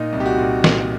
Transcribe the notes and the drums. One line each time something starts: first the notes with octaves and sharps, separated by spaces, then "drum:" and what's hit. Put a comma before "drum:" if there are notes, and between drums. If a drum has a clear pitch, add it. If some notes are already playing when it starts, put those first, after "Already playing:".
Already playing: A#2 D#4
C2
G4
F#4
A#2
A#2, drum: snare